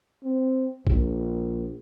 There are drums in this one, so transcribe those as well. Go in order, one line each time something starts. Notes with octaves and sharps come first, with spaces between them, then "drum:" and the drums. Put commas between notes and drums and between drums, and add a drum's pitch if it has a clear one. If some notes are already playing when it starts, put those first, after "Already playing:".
C4
A#1, drum: kick A#1